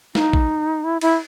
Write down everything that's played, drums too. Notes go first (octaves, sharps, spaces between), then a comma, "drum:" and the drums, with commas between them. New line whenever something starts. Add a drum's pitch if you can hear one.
D#4, drum: snare
drum: kick
E4
E4, drum: cymbal